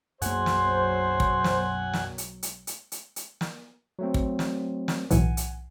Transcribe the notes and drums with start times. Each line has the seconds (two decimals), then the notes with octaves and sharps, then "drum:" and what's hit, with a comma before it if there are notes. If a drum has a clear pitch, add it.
0.22 B1 F#2 F#3 A#3 C5 F#5 G#5, drum: hi-hat
0.46 drum: snare
1.20 drum: kick
1.44 drum: snare
1.93 drum: snare
2.18 drum: hi-hat
2.43 drum: hi-hat
2.67 drum: hi-hat
2.92 drum: hi-hat
3.16 drum: hi-hat
3.41 drum: snare
3.99 F#3 A3 C4
4.14 drum: kick
4.39 drum: snare
4.88 drum: snare
5.11 B1 A2 E3 F#5 G#5, drum: hi-hat
5.37 drum: hi-hat